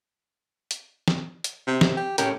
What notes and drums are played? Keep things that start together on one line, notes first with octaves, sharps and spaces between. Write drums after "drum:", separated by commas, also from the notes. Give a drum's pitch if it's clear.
drum: hi-hat
drum: snare
drum: hi-hat
C3
drum: snare
G4
A2 C#4 G4 A#4, drum: hi-hat